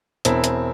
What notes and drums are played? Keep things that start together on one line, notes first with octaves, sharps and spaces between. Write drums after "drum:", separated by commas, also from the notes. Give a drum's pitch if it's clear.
E1 C4 E4, drum: hi-hat
drum: hi-hat